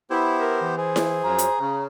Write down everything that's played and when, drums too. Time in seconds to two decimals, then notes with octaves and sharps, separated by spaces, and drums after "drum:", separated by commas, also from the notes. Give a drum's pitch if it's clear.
0.10 B3 E4 G4 C5
0.40 A#4
0.61 E3
0.78 G#4 C5
0.96 drum: snare E4
1.24 F#2 F3 F#3 A#5
1.38 drum: hi-hat
1.60 C#3